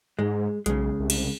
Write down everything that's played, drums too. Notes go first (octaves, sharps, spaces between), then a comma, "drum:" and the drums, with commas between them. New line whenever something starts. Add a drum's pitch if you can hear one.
G#2 G#3
B1 C#3 G#3, drum: hi-hat
C2
drum: cymbal